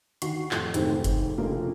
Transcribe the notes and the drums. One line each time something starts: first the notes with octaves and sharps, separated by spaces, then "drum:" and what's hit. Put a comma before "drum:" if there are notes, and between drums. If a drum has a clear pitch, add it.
D#2 F#4 C#6 C7, drum: hi-hat
F2 A2, drum: clap
F1 D#2 G#2 A3 C4 G5, drum: hi-hat
drum: kick F#1, hi-hat
F1 C#3 A3 A#3 F4